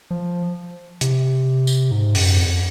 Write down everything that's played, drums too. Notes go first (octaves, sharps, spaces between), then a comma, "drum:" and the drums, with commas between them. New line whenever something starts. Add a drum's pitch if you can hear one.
F3
C3, drum: hi-hat
drum: tambourine
G#2
F#2, drum: open hi-hat
F2